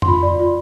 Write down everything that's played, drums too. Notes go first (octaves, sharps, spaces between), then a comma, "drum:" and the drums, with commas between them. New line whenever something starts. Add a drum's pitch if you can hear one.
C6, drum: tom F2
F4 B5
D5
F4